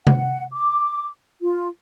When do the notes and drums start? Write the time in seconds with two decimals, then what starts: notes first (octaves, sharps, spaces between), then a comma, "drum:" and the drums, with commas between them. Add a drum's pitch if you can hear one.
0.07 F#5, drum: tom C3
0.52 D6
1.42 F4